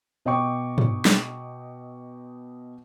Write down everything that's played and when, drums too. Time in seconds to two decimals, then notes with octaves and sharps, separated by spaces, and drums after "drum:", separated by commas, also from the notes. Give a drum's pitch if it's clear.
0.25 B2 D#5 G5 C#6 D6
0.78 drum: tom
1.05 drum: snare